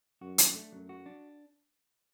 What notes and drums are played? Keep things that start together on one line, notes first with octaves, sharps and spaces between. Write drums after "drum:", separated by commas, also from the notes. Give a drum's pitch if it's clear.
F#2 F#4
D4, drum: hi-hat
A3
F#2 F#3
F#4
D4